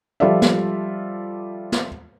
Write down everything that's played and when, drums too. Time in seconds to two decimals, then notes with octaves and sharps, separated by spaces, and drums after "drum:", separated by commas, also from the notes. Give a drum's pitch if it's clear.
0.20 F3 G3 F4 A4 D5 E5
0.42 drum: snare
1.72 drum: snare